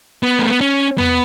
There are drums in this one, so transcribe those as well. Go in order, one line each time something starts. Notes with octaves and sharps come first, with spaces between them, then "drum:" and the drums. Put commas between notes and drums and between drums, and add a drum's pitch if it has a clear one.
B3
A3
B3
C#4
B3, drum: tom E2